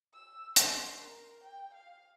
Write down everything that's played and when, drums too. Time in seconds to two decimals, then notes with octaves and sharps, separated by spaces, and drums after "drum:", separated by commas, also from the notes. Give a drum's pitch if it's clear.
0.13 E6
0.56 C6, drum: hi-hat
0.99 A#4
1.43 G5
1.74 F5